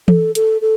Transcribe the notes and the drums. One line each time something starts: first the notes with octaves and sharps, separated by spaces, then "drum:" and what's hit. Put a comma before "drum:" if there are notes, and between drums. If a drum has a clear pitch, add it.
A4, drum: tom E3
A4, drum: hi-hat
A4